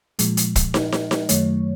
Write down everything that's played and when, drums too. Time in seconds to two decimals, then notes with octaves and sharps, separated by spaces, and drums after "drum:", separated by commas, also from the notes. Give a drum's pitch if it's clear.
0.19 A#2 F3 G#3, drum: hi-hat
0.37 drum: hi-hat
0.56 drum: kick, hi-hat
0.74 drum: snare
0.92 drum: snare
1.11 drum: snare
1.29 F#2 D#3 F#3 A3 C#5, drum: hi-hat